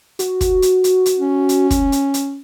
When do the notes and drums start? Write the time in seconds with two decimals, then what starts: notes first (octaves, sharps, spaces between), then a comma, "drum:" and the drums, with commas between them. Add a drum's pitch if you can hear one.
0.19 F#4, drum: hi-hat
0.41 drum: kick, hi-hat
0.62 drum: hi-hat
0.84 drum: hi-hat
1.06 drum: hi-hat
1.19 C#4
1.49 drum: hi-hat
1.71 drum: kick, hi-hat
1.92 drum: hi-hat
2.14 drum: hi-hat